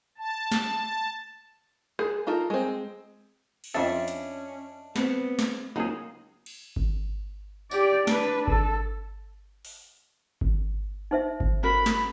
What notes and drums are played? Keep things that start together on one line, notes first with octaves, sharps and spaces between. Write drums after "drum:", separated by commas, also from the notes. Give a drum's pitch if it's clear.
A5
drum: snare
G#4, drum: rim click
D#4 F4 A4 A#4
G#3 C4
drum: cymbal
F2 C#4 D4 A4 D#5 E5
drum: hi-hat
B3 C4 B4, drum: snare
drum: snare
C#2 F#3 A#3 C4 D#4 G#4
drum: cymbal
drum: kick G#1
G4 D5, drum: tambourine
D4 B4, drum: snare
A4, drum: kick G#1
drum: open hi-hat
drum: kick G#1
D#4 C5 E5
drum: kick G#1
C#4 F#4 A#4 B5
drum: snare